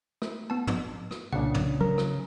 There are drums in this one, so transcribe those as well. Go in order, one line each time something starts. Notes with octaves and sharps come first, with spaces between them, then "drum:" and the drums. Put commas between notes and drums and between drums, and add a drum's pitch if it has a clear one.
A3, drum: rim click
B3 A5
drum: tom
drum: rim click
C2 A#2 C#3 D4 F#5
drum: tom
F#3 A#4 A#5
drum: rim click